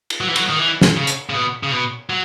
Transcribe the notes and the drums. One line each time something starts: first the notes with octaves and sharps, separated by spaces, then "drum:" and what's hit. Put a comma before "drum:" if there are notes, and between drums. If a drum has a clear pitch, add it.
drum: cymbal
F#3
E3
F#3, drum: cymbal
D#3
E3
drum: snare
C#3
drum: hi-hat
C#3
B2
C#3
B2
F#3